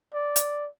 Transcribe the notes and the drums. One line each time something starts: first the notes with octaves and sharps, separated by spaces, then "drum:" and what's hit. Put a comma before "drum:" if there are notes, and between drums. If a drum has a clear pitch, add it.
D5
drum: hi-hat